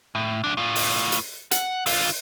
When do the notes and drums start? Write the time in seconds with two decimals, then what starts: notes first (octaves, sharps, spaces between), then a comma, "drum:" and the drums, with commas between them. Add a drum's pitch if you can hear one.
0.15 A2
0.44 C2 D4
0.57 A2 F4
0.75 drum: open hi-hat
1.12 drum: hi-hat
1.51 F#5, drum: hi-hat
1.86 D3 F4, drum: open hi-hat